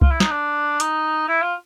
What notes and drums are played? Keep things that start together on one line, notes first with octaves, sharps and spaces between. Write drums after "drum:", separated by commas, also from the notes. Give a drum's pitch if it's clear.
F4, drum: kick C2
E4
D#4, drum: snare
D4
D#4, drum: hi-hat
E4
F4